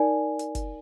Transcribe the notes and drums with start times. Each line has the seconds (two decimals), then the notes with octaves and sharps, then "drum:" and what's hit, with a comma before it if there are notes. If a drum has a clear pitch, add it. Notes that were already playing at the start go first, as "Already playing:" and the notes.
Already playing: D#4 A#4 D5 G#5
0.39 drum: hi-hat
0.55 drum: kick, hi-hat